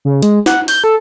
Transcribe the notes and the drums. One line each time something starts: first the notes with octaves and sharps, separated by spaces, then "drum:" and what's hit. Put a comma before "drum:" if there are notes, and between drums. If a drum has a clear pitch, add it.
C#3
G#3, drum: hi-hat
F#5, drum: snare
G6, drum: open hi-hat
A4